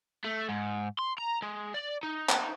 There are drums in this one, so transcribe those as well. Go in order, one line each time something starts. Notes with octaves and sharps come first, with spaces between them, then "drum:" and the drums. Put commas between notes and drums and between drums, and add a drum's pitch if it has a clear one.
A3
G#2
C6
A#5
G#3
D5
D#4
drum: clap